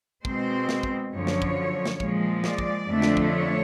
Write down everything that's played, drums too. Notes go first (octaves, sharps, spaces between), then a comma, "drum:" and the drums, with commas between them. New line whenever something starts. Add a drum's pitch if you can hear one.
B2 G#3 C4 C5, drum: kick
drum: snare
drum: kick
F#2 D3 F3 C#5
drum: snare
drum: kick
drum: snare
A#2 F3 G#3, drum: kick
D5, drum: snare
drum: kick
F2 D3 F3 A3 D4
drum: snare
drum: kick
C#5